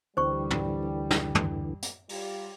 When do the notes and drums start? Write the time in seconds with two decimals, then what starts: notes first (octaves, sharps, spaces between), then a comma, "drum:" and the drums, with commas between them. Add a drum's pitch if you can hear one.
0.17 D2 D3 E3 G3 C5 C#6
0.50 drum: tom
1.11 drum: snare
1.35 drum: tom
1.82 drum: hi-hat
2.09 G3 F4 G4, drum: open hi-hat